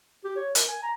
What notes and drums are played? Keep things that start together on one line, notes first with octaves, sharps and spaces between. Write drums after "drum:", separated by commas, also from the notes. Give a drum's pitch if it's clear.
G4
C#5
A#4, drum: hi-hat
G#5
A#5